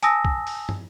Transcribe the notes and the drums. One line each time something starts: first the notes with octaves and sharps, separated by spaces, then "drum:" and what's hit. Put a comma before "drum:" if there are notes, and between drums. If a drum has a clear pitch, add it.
G#5 A5 D#6 E6 A#6, drum: hi-hat
drum: kick
drum: open hi-hat
drum: tom